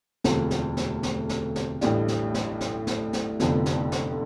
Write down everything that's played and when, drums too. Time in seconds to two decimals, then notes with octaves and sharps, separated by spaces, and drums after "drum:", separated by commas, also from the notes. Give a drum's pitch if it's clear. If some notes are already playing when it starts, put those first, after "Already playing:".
0.24 E1 D2 C3 F3 A3, drum: snare
0.51 drum: snare
0.77 drum: snare
1.03 drum: snare
1.29 drum: snare
1.56 drum: snare
1.81 A1 A2 G3 D4, drum: snare
2.08 drum: snare
2.34 drum: snare
2.61 drum: snare
2.87 drum: snare
3.13 drum: snare
3.40 F1 F2 D3 F3 B3, drum: snare
3.66 drum: snare
3.92 drum: snare